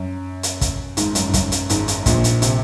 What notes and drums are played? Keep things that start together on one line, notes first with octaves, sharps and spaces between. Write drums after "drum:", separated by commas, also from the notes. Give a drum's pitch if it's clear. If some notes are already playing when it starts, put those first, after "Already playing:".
Already playing: F#2
drum: hi-hat
drum: kick, hi-hat
G#1 G#2, drum: hi-hat
F#2, drum: hi-hat
G#2
F#2, drum: kick, hi-hat
drum: hi-hat
G#1 G#2, drum: hi-hat
drum: hi-hat
A#1 A#2, drum: kick, hi-hat
drum: hi-hat
C3, drum: hi-hat